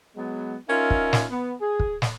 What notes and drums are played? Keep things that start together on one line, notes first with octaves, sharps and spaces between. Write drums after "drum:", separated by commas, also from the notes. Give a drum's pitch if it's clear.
F#3 G#3 B3
C#4 D#4 F4 A#4 E5
drum: kick
drum: snare
B3
G#4
drum: kick
drum: snare